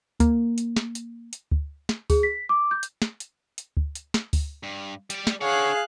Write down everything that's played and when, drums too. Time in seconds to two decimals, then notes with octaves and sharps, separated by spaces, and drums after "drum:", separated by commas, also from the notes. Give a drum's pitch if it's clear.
0.20 A#3, drum: kick D2, hi-hat
0.58 drum: hi-hat
0.76 drum: snare
0.95 drum: hi-hat
1.33 drum: hi-hat
1.52 drum: kick D2
1.89 drum: snare
2.10 G#4, drum: kick D2, open hi-hat
2.23 B6
2.49 D6
2.71 G6
2.83 drum: hi-hat
3.02 drum: snare
3.20 drum: hi-hat
3.58 drum: hi-hat
3.77 drum: kick D2
3.95 drum: hi-hat
4.14 drum: snare
4.33 drum: kick D2, open hi-hat
4.63 G2
5.10 G3 D5, drum: hi-hat
5.27 drum: snare
5.41 D4 G#4 C#5 F5 F#5 F#6